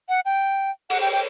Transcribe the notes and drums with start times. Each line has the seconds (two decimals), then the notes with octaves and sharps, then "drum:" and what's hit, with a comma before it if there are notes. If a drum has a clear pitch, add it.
0.09 F#5
0.25 G5
0.90 F#5, drum: open hi-hat
1.01 G5
1.12 G5